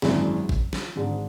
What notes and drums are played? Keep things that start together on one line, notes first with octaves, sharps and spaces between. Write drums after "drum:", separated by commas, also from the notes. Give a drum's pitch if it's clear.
G#1 F#2 E3 G#3 D4, drum: snare
drum: kick G#1
drum: snare
G#1 G#2 G#3 D4